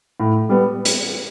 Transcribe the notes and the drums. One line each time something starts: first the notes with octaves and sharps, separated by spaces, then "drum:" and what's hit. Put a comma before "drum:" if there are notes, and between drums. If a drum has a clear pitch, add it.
A2
G3 B3
drum: hi-hat